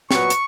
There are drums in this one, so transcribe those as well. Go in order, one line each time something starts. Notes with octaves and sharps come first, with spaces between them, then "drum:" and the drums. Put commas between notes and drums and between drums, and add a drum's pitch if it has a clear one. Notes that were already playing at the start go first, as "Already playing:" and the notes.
A#2 F#3 B3 F#4 B4 C#6, drum: snare
drum: hi-hat